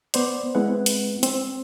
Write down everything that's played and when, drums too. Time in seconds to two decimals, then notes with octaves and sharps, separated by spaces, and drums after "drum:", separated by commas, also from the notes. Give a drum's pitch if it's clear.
0.14 B3 C5 D5, drum: hi-hat
0.55 G#3 B3 C4 E4 B4 F#5
0.86 drum: hi-hat
1.23 C4, drum: hi-hat